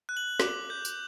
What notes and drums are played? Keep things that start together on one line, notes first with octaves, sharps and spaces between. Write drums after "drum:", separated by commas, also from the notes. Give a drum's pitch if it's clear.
F#6
F#7
D6, drum: snare
G6
drum: tambourine